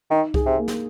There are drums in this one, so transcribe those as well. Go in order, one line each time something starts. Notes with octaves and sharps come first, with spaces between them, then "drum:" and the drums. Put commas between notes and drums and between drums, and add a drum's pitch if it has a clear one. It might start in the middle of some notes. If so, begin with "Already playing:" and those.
D#3 D#4
G#4, drum: kick C2
C3
A#3
drum: snare